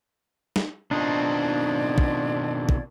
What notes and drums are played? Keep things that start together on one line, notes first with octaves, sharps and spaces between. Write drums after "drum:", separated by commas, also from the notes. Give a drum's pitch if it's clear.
drum: snare
B2 D#3 C4 D4 D#4 F4 D5 G#6
drum: kick
drum: kick